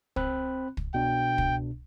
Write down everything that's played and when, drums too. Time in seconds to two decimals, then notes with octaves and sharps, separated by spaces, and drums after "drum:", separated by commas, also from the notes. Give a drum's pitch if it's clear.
0.16 C4 B5 F#6, drum: kick
0.77 drum: kick
0.94 B2 D4 G5
1.38 drum: kick